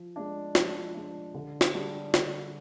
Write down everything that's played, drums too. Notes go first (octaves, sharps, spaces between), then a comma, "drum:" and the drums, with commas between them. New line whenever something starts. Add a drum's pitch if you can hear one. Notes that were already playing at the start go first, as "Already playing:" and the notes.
Already playing: F3
G#3 D4
F3, drum: snare
G#3 D4
D3
drum: snare
G3 D4 G#4
D3, drum: snare